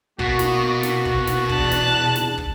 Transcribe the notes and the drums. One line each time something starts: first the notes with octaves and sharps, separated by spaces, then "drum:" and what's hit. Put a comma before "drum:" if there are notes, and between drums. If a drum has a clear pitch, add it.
B2 A#3 F#4, drum: kick
drum: snare
drum: snare
drum: kick
drum: snare
E2 D4 A5 F#6, drum: kick
drum: snare
drum: snare
drum: kick